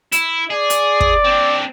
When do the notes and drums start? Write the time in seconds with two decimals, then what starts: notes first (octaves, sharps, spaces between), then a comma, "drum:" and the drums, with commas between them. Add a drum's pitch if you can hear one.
0.12 E4, drum: hi-hat
0.50 G#4 D5
0.70 drum: hi-hat
1.00 drum: kick
1.24 C4 D4